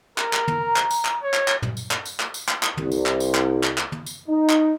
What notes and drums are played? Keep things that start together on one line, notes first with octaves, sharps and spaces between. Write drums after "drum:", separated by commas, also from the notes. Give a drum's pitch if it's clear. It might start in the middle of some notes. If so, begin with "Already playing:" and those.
A#4, drum: clap
drum: clap
drum: tom
A#5
drum: clap
drum: tambourine
drum: clap
C#5
drum: clap
drum: clap
drum: tom
drum: tambourine
drum: clap
drum: tambourine
drum: clap
drum: tambourine
drum: clap
drum: clap
C2, drum: tom
drum: tambourine
drum: clap
drum: tambourine
drum: clap
drum: clap
drum: clap
drum: tom
drum: tambourine
D#4
drum: clap